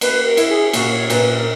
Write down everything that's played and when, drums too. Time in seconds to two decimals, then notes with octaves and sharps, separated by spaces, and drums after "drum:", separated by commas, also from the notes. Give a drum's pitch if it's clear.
0.01 A#3 B4, drum: cymbal
0.24 A#4
0.37 E4, drum: cymbal
0.49 G#4
0.73 A#2 F#4, drum: cymbal
0.92 C#5
1.10 A#2 B4, drum: cymbal
1.29 A#4